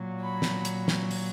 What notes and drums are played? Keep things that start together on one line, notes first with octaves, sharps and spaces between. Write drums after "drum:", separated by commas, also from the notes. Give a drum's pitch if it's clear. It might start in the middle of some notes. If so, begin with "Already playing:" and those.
Already playing: A#2 F#3
B5
drum: snare
drum: hi-hat
drum: snare
drum: open hi-hat